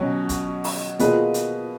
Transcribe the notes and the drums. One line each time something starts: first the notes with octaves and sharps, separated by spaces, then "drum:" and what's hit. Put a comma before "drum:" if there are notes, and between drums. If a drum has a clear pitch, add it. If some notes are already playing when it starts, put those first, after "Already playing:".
Already playing: B2 F#3 C#4 F#4
drum: kick, hi-hat
drum: open hi-hat
B2 A#3 F4 G#4 B4, drum: hi-hat
drum: hi-hat